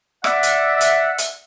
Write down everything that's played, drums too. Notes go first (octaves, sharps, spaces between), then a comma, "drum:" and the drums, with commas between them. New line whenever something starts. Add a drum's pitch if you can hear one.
D5 E5 F#5, drum: rim click
drum: hi-hat
drum: hi-hat
drum: hi-hat